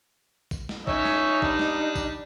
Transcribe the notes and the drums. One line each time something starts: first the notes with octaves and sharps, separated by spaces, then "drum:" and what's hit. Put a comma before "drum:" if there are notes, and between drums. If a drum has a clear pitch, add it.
drum: kick A#1, tambourine
drum: snare
C#4 D#4 C#5 E5, drum: kick A#1
drum: snare
G3 D4, drum: kick A#1
drum: snare
drum: kick A#1, tambourine